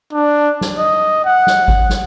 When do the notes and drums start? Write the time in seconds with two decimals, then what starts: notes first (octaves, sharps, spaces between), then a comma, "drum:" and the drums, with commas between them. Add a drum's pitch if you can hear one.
0.14 D4
0.61 drum: snare
0.78 D#5
1.25 F#5
1.47 drum: snare
1.68 drum: kick G#1
1.89 drum: snare